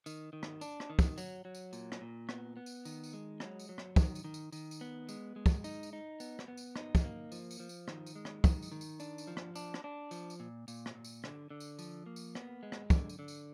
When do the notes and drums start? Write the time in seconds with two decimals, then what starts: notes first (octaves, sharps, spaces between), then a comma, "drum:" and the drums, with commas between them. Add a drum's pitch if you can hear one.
0.06 D#3, drum: tambourine
0.33 D#3
0.43 drum: rim click
0.61 D4, drum: tambourine
0.80 drum: rim click
0.90 D#3
0.99 drum: kick, tambourine
1.18 F#3, drum: tambourine
1.45 F#3
1.55 drum: tambourine
1.73 A#2, drum: tambourine
1.92 drum: rim click
2.01 A#2
2.29 B3, drum: rim click
2.57 B3
2.66 drum: tambourine
2.85 D#3, drum: tambourine
3.04 drum: tambourine
3.13 G#3
3.40 F#3, drum: rim click
3.59 drum: tambourine
3.69 F#3
3.78 drum: rim click
3.96 D#3, drum: kick, tambourine
4.15 drum: tambourine
4.24 D#3
4.34 drum: tambourine
4.52 D#3, drum: tambourine
4.71 drum: tambourine
4.81 B3
5.09 G#3, drum: tambourine
5.36 G#3
5.46 drum: kick, tambourine
5.64 D#4, drum: tambourine
5.83 drum: tambourine
5.93 D#4
6.20 B3, drum: tambourine
6.39 drum: rim click
6.48 B3
6.57 drum: tambourine
6.76 D#4, drum: rim click
6.95 drum: kick, tambourine
7.05 A#3
7.32 F3, drum: tambourine
7.51 drum: tambourine
7.60 F3
7.69 drum: tambourine
7.88 D#3, drum: rim click
8.06 drum: tambourine
8.16 G#3
8.25 drum: rim click
8.44 D#3, drum: kick, tambourine
8.62 drum: tambourine
8.72 D#3
8.81 drum: tambourine
9.00 D4, drum: tambourine
9.18 drum: tambourine
9.27 F3
9.37 drum: rim click
9.56 D4, drum: tambourine
9.74 drum: rim click
9.84 D4
10.11 F3, drum: tambourine
10.30 drum: tambourine
10.40 A#2
10.68 A#2, drum: tambourine
10.86 drum: rim click
10.95 A#2
11.05 drum: tambourine
11.24 D3, drum: rim click
11.50 D3
11.60 drum: tambourine
11.79 F3, drum: tambourine
12.06 A#3
12.16 drum: tambourine
12.35 B3, drum: rim click
12.63 G#3
12.72 drum: rim click
12.90 D3, drum: kick, tambourine
13.09 drum: tambourine
13.19 D3
13.28 drum: tambourine